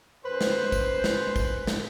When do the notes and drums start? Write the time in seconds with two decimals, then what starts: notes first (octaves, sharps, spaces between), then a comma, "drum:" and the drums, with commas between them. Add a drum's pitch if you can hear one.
0.25 F#2 B4 C5
0.41 drum: snare
0.72 drum: kick, tambourine
1.04 drum: snare
1.36 drum: kick, tambourine
1.67 drum: snare